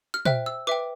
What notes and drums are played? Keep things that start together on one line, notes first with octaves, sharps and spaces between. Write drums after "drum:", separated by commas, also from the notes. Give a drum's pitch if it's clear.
F6
C5 E5 G5 F#6, drum: tom
E6
B4 E5 G5 D6